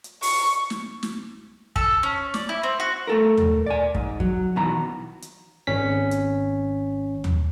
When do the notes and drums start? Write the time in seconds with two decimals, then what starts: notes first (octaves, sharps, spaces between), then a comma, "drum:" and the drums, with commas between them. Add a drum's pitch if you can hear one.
0.04 drum: hi-hat
0.22 C#6, drum: open hi-hat
0.70 drum: snare
1.03 drum: snare
1.76 A4, drum: kick
2.03 C#4
2.34 D5, drum: snare
2.49 E4
2.63 C4
2.80 F#4
3.07 A3 A4 A#4
3.37 drum: tom D#2
3.66 D5 G#5
3.94 G#2, drum: kick
4.20 F#3, drum: kick
4.56 B2 D#3 E3 F#4 A#5
5.22 drum: hi-hat
5.67 G#1 C#4 B6
6.11 drum: hi-hat
7.24 drum: tom D#2